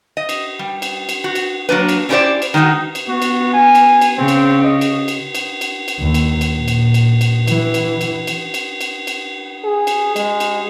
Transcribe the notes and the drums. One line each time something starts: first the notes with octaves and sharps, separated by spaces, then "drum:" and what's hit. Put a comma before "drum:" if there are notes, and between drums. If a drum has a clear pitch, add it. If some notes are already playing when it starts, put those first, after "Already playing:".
D#5
drum: cymbal
G3
drum: cymbal
drum: cymbal
F#4
drum: cymbal
F#3 A#3 D4 B4
drum: cymbal
C#4 D4 E4 G4 C5 D5
drum: cymbal
D#3 G#3 B3 D#4 F#4
drum: cymbal
B3 F#4
drum: cymbal
G#5
drum: cymbal
drum: cymbal
C#3 C4
drum: cymbal
D#5
drum: cymbal
drum: cymbal
drum: cymbal
drum: cymbal
drum: cymbal
D#2
drum: cymbal
drum: cymbal
A#2
drum: cymbal
drum: cymbal
drum: cymbal
E3, drum: cymbal
drum: cymbal
drum: cymbal
drum: cymbal
drum: cymbal
drum: cymbal
drum: cymbal
G#4
drum: cymbal
G#3, drum: cymbal
drum: cymbal